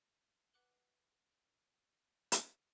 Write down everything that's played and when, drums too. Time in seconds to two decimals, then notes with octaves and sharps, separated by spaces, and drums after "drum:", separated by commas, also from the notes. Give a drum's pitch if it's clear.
0.53 B4 F#5 D6 F#6 F#7 G7
2.32 drum: hi-hat